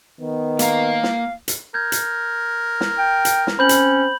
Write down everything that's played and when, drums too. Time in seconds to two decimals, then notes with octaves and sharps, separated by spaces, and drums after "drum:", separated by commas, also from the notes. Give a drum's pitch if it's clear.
0.21 D#3 B3
0.59 A#3 F5 A#5, drum: hi-hat
1.03 drum: snare
1.48 drum: hi-hat
1.74 A#4 G6 G#6
1.92 drum: hi-hat
2.81 drum: snare
2.98 G5
3.25 drum: hi-hat
3.47 drum: snare
3.59 C4 C#4 B5 G6 F#7
3.69 drum: hi-hat